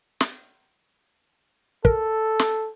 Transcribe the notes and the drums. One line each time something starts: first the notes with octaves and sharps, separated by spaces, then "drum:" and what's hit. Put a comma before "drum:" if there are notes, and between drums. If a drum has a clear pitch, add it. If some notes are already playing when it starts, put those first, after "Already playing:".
drum: snare
A4 A#4, drum: kick
drum: snare